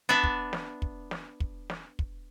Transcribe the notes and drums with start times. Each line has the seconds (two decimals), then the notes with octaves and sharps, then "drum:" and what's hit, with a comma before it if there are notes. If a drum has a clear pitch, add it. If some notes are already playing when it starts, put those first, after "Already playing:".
0.09 B3 D4 D5 E5
0.24 drum: kick
0.53 drum: snare
0.82 drum: kick
1.11 drum: snare
1.40 drum: kick
1.70 drum: snare
1.99 drum: kick